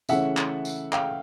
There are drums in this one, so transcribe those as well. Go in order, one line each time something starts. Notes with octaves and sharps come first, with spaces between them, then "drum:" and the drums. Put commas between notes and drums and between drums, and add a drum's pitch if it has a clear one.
C#3 E3 A3 C#4 E5 F#5, drum: tambourine
drum: clap
drum: tambourine
F5 G5, drum: clap